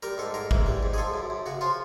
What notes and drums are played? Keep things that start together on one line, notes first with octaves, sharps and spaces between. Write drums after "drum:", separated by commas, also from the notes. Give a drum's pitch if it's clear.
G3 A#4
G#2 A4
G#2 A#4
E3, drum: kick
G3
G#2
G#4
F3 A4
F#2
F#2
C#3 F#4
F3 F4